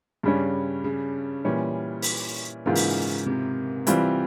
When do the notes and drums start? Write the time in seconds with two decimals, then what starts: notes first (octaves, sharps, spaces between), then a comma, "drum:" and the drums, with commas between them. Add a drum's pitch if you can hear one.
0.23 G2 C#3 G3 C#4
0.84 C#3
1.44 A#2 E3 G3 C#4
2.02 drum: open hi-hat
2.66 G#2 C#3 E3 A#3 F4 A#4
2.76 drum: open hi-hat
3.26 C3
3.87 E3 G3 C4 F4, drum: hi-hat